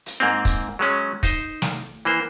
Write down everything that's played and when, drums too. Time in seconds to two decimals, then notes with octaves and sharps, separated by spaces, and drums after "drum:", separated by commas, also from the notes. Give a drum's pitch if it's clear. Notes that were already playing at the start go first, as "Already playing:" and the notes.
0.06 drum: hi-hat
0.20 G#2 A#3 C4
0.45 drum: kick, hi-hat
0.79 F#3 G#3 C#4
1.23 D#4 C5, drum: kick, hi-hat
1.62 drum: snare
2.05 E3 A#3 C5